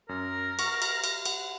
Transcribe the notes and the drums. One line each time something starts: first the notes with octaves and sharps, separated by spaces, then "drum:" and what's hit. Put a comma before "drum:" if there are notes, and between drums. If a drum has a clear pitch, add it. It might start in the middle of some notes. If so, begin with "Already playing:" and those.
F#2 A#4
F#5 C#6, drum: cymbal
drum: cymbal
drum: cymbal
F#5, drum: cymbal